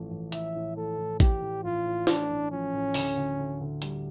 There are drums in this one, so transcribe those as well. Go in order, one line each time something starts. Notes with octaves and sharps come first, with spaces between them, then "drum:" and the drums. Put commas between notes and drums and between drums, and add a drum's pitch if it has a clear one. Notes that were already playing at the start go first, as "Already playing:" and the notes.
Already playing: A1 F3 A3
A1
A2 E5, drum: hi-hat
A2
A3 A4
A2
A2 G4, drum: kick A1, hi-hat
A2
A1 F4
A2
A2 D4, drum: snare
A1
F3 C#4
A2
D2, drum: open hi-hat
D2
D2
D2
G3, drum: hi-hat